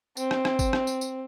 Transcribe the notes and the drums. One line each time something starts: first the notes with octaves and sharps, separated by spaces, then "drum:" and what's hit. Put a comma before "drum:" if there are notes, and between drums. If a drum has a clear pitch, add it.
C4, drum: tambourine
drum: rim click
drum: rim click
drum: kick, tambourine
drum: rim click
drum: tambourine
drum: tambourine